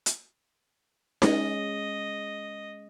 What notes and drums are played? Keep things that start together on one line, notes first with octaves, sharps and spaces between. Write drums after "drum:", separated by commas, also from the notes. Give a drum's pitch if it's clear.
drum: hi-hat
G#3 C#4 G#4 D#5, drum: snare D#4